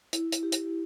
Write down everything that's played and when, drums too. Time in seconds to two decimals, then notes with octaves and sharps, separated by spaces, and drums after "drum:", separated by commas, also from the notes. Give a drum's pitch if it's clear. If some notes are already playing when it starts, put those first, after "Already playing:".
0.13 E4, drum: hi-hat
0.32 drum: hi-hat
0.43 G4
0.52 drum: hi-hat